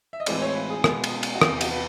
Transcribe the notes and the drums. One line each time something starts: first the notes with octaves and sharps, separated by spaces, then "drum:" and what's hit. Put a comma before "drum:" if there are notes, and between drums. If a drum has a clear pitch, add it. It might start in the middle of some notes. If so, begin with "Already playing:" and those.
E5
D#5
A2 E3 G#3 C4 D5, drum: cymbal
C#5
B4
G#4
B2 G#3 B3, drum: rim click
drum: cymbal
drum: cymbal
F#4
E2 C3 E3 G4, drum: rim click
G4
F#4, drum: cymbal
B4